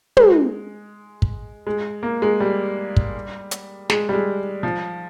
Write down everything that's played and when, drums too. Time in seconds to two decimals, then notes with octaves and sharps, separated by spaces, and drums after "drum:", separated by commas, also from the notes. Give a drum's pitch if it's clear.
0.17 G#3, drum: tom
1.22 drum: kick
1.67 G#3
2.03 A#3
2.22 G#3
2.40 G3
2.97 drum: kick
3.51 drum: hi-hat
3.90 G#3, drum: snare
4.09 G3
4.13 G#3
4.63 F3